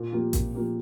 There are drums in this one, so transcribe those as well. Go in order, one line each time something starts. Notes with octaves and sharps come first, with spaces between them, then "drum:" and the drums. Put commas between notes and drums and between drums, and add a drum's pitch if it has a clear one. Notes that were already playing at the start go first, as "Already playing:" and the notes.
Already playing: A#2
F3 A#3 G4
A#2, drum: kick A1, hi-hat
F3 A#3 G4